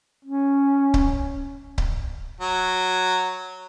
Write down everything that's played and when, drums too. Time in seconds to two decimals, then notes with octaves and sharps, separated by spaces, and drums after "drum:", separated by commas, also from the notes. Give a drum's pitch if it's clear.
0.25 C#4
0.94 drum: kick C#1
1.78 drum: kick C#1
2.41 F#3